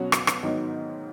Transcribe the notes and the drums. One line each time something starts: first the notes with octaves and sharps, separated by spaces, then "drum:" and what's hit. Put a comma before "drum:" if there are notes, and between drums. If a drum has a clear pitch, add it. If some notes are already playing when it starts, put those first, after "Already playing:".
Already playing: B2 F#3 C#4 F#4
drum: rim click
drum: rim click
G#2 D#3 F#3 B3 D#4